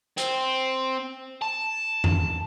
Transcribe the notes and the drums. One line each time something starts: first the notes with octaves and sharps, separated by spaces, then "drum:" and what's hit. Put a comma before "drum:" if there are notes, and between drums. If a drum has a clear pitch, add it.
C4, drum: hi-hat
A5
drum: tom F2